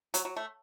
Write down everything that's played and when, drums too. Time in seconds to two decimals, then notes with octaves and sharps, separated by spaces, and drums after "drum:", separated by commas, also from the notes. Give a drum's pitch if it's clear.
0.14 F#3, drum: hi-hat
0.25 F#3
0.36 A3